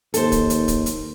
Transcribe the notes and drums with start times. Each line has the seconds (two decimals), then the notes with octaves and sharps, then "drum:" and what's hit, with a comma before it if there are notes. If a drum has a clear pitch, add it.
0.14 D#2 A4 C5, drum: hi-hat
0.32 drum: kick, hi-hat
0.50 drum: hi-hat
0.68 drum: kick, hi-hat
0.86 drum: hi-hat